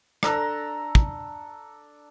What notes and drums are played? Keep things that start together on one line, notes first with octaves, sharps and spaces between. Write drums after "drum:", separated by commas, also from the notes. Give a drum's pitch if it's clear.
D4 A4 A#5 E6, drum: rim click
drum: kick